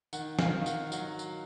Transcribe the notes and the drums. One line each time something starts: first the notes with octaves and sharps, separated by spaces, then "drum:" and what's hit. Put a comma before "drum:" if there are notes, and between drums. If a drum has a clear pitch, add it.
D#3 F#5, drum: tambourine
F5, drum: snare
D#3
F#5, drum: tambourine
F#3 F#5, drum: tambourine
drum: tambourine